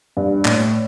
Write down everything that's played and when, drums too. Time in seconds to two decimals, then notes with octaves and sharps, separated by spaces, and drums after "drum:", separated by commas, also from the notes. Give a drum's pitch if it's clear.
0.17 G2
0.45 A2, drum: clap
0.59 drum: hi-hat